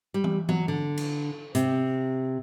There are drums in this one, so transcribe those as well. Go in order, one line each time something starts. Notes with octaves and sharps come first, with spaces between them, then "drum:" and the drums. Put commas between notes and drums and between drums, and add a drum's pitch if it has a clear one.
G3
drum: tom E3
F#3, drum: tom E3
D3
drum: cymbal
C3, drum: hi-hat